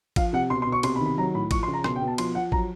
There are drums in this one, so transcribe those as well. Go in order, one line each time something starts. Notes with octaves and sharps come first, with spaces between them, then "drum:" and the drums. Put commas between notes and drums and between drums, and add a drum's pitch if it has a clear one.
F3 F5, drum: kick G#1, cymbal
C3 F#5
B2 C6
C6
B2
C#6
C3 C6, drum: cymbal
B5
D#3
B5
F#3 A#5
A2 B5
F3 C#6, drum: kick G#1, cymbal
C6
C#3
A#5
B2 C6, drum: rim click
G5
B2
A5
F3 C6, drum: cymbal
F3 F#5
F#3 A#5, drum: kick G#1